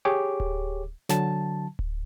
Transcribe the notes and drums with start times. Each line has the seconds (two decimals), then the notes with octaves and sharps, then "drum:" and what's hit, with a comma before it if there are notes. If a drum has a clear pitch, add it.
0.05 G4 G#4 C#5 D6
0.40 drum: kick D1
1.09 D3 F#3 A5, drum: snare
1.79 drum: kick D1